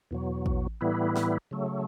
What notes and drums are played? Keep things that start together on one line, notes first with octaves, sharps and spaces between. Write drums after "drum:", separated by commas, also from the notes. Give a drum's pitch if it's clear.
E2 B2 F#3
drum: kick A1
A2 E3 G3 B3 E4
drum: snare
C#3 F#3 A3